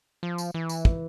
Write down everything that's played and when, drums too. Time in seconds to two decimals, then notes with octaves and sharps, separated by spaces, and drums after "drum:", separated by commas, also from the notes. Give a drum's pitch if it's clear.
0.23 F3
0.38 drum: tambourine
0.54 E3
0.69 drum: tambourine
0.85 drum: kick